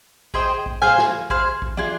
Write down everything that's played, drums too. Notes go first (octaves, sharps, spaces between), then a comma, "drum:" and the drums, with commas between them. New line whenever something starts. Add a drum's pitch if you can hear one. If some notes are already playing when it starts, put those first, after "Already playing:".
G#4 C5 D#5 G5, drum: kick A#1
drum: kick A#1
G#4 C5 F5 G#5, drum: tom
drum: snare
G#4 C5 F5, drum: kick A#1
drum: kick A#1
D4 F4 G#4, drum: tom